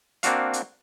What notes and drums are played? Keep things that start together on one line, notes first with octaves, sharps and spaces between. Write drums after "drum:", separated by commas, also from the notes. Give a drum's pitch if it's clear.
A#3 C4 D4 F#4 F5, drum: hi-hat
drum: hi-hat